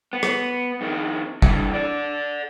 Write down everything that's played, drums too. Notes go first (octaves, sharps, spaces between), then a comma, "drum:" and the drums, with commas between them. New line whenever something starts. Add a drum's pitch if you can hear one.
B3
drum: rim click
F2 D#3
G2 E3, drum: kick
A4 D5